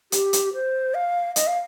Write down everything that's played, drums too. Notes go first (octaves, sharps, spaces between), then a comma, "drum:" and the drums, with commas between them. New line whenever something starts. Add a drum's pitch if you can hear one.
G4, drum: hi-hat
drum: hi-hat
C5
F5
D#5, drum: hi-hat
F5